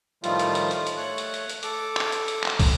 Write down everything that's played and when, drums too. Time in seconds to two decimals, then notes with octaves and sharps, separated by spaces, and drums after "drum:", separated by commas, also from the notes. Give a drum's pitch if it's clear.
0.24 A2 D#3 F3 G3 A3 F4, drum: hi-hat
0.39 drum: hi-hat
0.55 drum: hi-hat
0.71 drum: hi-hat
0.87 drum: hi-hat
0.97 A3 C#5 F#6
1.18 drum: hi-hat
1.34 drum: hi-hat
1.49 drum: hi-hat
1.63 A4 D6, drum: hi-hat
1.97 drum: clap
2.12 drum: hi-hat
2.28 drum: hi-hat
2.44 drum: clap
2.60 drum: kick, open hi-hat